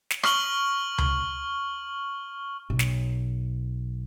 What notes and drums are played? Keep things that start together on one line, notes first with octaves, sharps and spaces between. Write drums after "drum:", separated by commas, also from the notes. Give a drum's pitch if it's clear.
drum: snare
C#6 F6 F#7 G7, drum: rim click
drum: tom C#2
B1
drum: snare